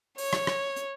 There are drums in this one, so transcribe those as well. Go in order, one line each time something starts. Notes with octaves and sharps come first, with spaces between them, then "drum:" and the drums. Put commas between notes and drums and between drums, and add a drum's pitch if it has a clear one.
C#5, drum: open hi-hat
drum: rim click
drum: rim click
drum: hi-hat